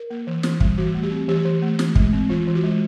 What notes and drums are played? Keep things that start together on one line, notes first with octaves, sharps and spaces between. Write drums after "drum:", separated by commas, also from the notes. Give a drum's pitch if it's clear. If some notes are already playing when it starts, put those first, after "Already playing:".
Already playing: A#4
A#3
E3
E3, drum: snare
G3, drum: kick
E3 F#4
A3
G4
C4
E3 G4
E3
A3
E3, drum: snare
G#3, drum: kick
C4
E3 F4
E3
F#4
G#3